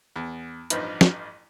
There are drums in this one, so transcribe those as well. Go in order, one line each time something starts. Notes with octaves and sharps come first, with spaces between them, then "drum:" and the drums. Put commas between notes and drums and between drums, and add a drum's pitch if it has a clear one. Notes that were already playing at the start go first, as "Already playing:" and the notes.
E2
A1 G2 F3 D#4 B4, drum: hi-hat
drum: snare